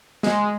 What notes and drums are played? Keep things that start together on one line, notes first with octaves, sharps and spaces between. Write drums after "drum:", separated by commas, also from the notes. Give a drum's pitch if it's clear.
G#3, drum: snare